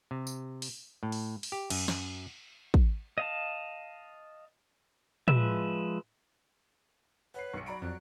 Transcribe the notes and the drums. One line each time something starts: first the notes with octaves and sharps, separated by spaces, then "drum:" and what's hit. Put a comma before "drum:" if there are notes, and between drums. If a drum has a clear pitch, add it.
C3
drum: tambourine
drum: open hi-hat
A2
drum: open hi-hat
drum: open hi-hat
G4
F#2, drum: cymbal
F#2, drum: snare
drum: kick
D#5 F5 A5
F3 G#3 B4 E5, drum: tom
B4 C#5 F#5 C7
B1 C#7
F#3 D5 A#5 B5 D7
F2 F#6